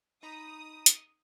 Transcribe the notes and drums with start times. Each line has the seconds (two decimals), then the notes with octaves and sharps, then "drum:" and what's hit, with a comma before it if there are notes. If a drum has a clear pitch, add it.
0.23 D#4 A#5 B5 D#6
0.86 drum: hi-hat